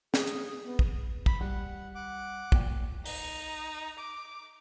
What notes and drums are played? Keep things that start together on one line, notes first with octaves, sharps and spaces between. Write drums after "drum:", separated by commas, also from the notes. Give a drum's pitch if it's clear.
G#4, drum: snare
drum: hi-hat
B3
drum: kick
B5, drum: kick
G3 F#5
F#5 D6
A#2 G5, drum: kick
D#4, drum: open hi-hat
D6